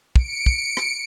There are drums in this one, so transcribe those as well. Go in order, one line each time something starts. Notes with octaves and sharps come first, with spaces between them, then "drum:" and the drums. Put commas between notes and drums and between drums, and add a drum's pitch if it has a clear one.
C#7 D7, drum: kick
drum: kick
drum: rim click